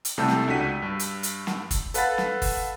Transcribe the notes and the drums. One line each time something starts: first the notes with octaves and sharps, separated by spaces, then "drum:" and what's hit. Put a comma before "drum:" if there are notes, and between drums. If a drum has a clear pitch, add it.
drum: hi-hat
C2 C3 A3 A5 E6 G6
drum: snare
C#2 D4 F#4 B6 D#7
G2
drum: hi-hat
drum: hi-hat
drum: snare
drum: kick, hi-hat
A4 B4 F5 F#5 B5 A6, drum: hi-hat
drum: snare
drum: kick, open hi-hat